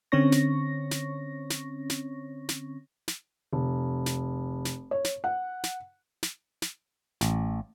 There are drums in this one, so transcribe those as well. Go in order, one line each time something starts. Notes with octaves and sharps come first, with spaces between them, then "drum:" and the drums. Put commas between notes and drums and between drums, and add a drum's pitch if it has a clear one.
D3 C4 C#4 C#5 C#6 A#6
drum: snare
drum: snare
drum: snare
drum: snare
drum: snare
drum: snare
F1
drum: snare
drum: snare
C#5
drum: snare
F#5
drum: snare
drum: snare
drum: snare
A1, drum: snare